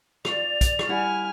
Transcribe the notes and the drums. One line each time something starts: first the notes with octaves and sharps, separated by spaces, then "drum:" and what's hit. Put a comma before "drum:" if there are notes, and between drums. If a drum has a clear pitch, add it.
F4 D5 F7, drum: rim click
drum: kick, hi-hat
drum: rim click
G3 E4 F#5 G#5 F6